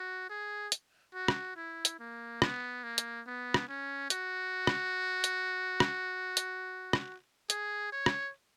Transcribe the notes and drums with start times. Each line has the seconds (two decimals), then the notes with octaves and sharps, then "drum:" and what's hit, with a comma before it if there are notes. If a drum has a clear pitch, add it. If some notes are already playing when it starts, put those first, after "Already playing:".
Already playing: F#4
0.29 G#4
0.72 drum: hi-hat
1.14 F#4
1.28 drum: rim click
1.56 E4
1.85 drum: hi-hat
1.99 A#3
2.42 B3, drum: rim click
2.83 A#3
2.98 drum: hi-hat
3.26 B3
3.54 drum: rim click
3.68 C#4
4.10 F#4, drum: hi-hat
4.67 drum: rim click
5.24 drum: hi-hat
5.80 drum: rim click
6.37 drum: hi-hat
6.93 drum: rim click
7.50 G#4, drum: hi-hat
7.92 C#5
8.06 drum: rim click